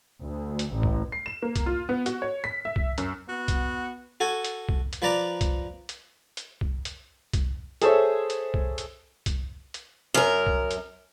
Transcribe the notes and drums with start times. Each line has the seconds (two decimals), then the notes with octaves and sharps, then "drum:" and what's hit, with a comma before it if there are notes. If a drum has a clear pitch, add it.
0.21 D2
0.59 drum: hi-hat
0.73 A1
0.83 drum: kick C2
1.12 C7
1.26 E7
1.42 A#3
1.56 drum: kick C2, hi-hat
1.66 F4
1.89 B3
2.06 F#4, drum: hi-hat
2.22 C#5
2.44 B6
2.65 E5
2.76 drum: kick C2
2.98 F#2, drum: hi-hat
3.29 B3 F#4
3.48 drum: kick C2, hi-hat
4.20 F#4 A4 G#5
4.45 drum: hi-hat
4.69 drum: kick C2
4.93 drum: hi-hat
5.02 F3 B4 D5 A#5 D6
5.41 drum: kick C2, hi-hat
5.89 drum: hi-hat
6.37 drum: hi-hat
6.61 drum: kick C2
6.85 drum: hi-hat
7.33 drum: kick C2, hi-hat
7.82 G#4 A4 C5 C#5 E5, drum: hi-hat
8.30 drum: hi-hat
8.54 drum: kick C2
8.78 drum: hi-hat
9.26 drum: kick C2, hi-hat
9.74 drum: hi-hat
10.14 F#2 A#4
10.47 drum: kick C2
10.71 drum: hi-hat